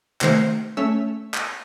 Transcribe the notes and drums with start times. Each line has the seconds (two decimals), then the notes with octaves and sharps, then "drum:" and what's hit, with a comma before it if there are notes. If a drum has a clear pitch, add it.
0.21 C3 D#3 A3 C5 F6, drum: clap
0.77 A3 C#4 C#5 E6 B6
1.34 drum: clap